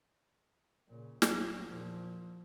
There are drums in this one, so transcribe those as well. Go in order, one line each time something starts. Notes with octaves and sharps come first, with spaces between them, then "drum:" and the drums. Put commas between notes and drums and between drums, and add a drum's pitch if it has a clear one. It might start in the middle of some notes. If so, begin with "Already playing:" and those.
A#2 C#3
E2 F#3, drum: snare
A#2 F3